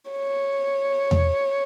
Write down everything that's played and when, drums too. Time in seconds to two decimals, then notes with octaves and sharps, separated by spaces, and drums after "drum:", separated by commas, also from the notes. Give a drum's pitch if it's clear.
0.11 C#5
1.11 drum: tom E2